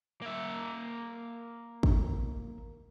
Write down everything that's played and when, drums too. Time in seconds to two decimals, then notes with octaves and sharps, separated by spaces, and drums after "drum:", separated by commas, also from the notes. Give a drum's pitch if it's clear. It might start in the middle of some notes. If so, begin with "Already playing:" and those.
0.22 A#3 E5
1.83 drum: kick